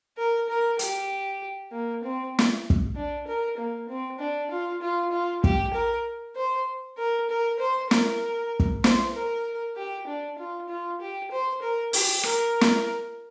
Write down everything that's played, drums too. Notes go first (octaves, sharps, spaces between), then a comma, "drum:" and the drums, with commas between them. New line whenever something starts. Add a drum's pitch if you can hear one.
A#4
A#4
G4, drum: hi-hat
A#3
C4
drum: snare
drum: kick
D4
A#4
A#3
C4
D4
F4
F4
F4
G4, drum: kick
A#4
C5
A#4
A#4
C5
A#4, drum: snare
drum: kick
C5, drum: snare
A#4
G4
D4
F4
F4
G4
C5
A#4
G4, drum: open hi-hat
A#4, drum: rim click
drum: snare